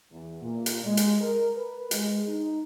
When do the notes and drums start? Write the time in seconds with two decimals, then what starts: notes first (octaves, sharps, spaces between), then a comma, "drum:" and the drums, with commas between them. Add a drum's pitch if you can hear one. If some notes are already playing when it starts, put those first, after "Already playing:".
0.11 E2
0.41 A#2
0.66 drum: hi-hat
0.84 G#3
0.97 drum: hi-hat
1.21 A#4
1.56 B4
1.91 G#3, drum: hi-hat
2.26 D#4